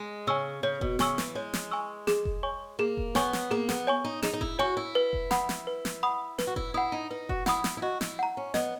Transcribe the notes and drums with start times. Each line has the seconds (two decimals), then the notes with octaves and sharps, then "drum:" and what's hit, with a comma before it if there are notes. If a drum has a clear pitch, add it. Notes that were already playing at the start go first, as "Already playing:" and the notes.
Already playing: G#3
0.27 C#3 G#5 C#6 E6
0.63 C#3 C#5
0.81 B2, drum: kick F1
0.99 C#3 G#5 C#6 E6, drum: snare
1.18 E3, drum: snare
1.35 G#3 C#5
1.53 drum: snare
1.71 G#5 C#6 E6
2.07 G#4, drum: snare
2.25 drum: kick F1
2.43 C#5 G#5 C#6
2.79 A#3 G#4
2.97 drum: kick F1
3.15 B3 C#5 G#5 C#6, drum: snare
3.33 drum: snare
3.51 A#3 G#4
3.69 B3, drum: snare
3.87 C#5 G#5 C#6
4.05 D#4
4.22 D#4 G#4, drum: snare
4.33 D#4
4.41 E4, drum: kick F1
4.59 F#4 C#5 G#5 C#6
4.77 E4
4.95 B4
5.13 drum: kick F1
5.31 F#5 B5 D#6, drum: snare
5.49 drum: snare
5.67 B4
5.85 drum: snare
6.03 F#5 B5 D#6
6.38 B4, drum: snare
6.47 F#4
6.56 E4, drum: kick F1
6.74 E4 F#5 B5 D#6
6.92 D#4
7.11 D#4 B4
7.29 F#4, drum: kick F1
7.46 E4 F#5 B5 D#6, drum: snare
7.64 E4, drum: snare
7.77 E4
7.82 F#4 D#5
8.01 E4, drum: snare
8.19 F#5 A#5
8.37 C#4
8.54 B3 D#5, drum: snare